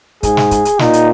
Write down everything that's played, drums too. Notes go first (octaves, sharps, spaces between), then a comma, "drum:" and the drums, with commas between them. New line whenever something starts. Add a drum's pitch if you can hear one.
G#2 G#4, drum: kick, hi-hat
drum: snare
drum: kick, hi-hat
drum: hi-hat
A#2 D#4, drum: snare
drum: hi-hat